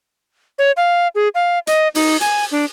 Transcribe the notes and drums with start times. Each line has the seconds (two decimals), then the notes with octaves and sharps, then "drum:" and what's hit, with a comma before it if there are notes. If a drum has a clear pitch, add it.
0.59 C#5
0.77 F5
1.15 G#4
1.35 F5
1.67 D#5, drum: hi-hat
1.95 D#4, drum: open hi-hat
2.21 G#5, drum: hi-hat
2.51 D4